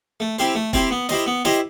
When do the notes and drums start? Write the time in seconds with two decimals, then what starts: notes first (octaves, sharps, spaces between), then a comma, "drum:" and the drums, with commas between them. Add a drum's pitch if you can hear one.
0.20 A3
0.38 C4 E4 G4 C5, drum: hi-hat
0.55 A3
0.73 C4 E4 G4 C5, drum: kick, hi-hat
0.91 B3
1.09 E4 G4 C5 D#5, drum: snare
1.26 B3
1.45 E4 G4 C5 D#5, drum: snare